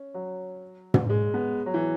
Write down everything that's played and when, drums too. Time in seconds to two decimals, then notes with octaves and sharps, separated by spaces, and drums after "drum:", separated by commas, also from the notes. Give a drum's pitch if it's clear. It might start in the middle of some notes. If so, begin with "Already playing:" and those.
Already playing: C#4
0.14 F#3
0.94 drum: tom
1.10 G#3
1.34 B3
1.66 F#3
1.74 E3